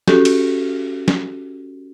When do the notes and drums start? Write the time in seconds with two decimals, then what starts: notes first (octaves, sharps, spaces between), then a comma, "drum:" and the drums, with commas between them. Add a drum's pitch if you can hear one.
0.08 C#4 F#4 G4 A4, drum: snare
0.25 drum: cymbal
1.08 drum: snare